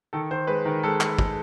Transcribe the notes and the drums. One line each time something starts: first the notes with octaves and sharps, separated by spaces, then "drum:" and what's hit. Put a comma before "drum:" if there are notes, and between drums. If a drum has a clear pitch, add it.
D#3 A4
D#3 C5
G#3 B4
D#3 A#4
G#3 A4
G#3, drum: clap
G#3, drum: kick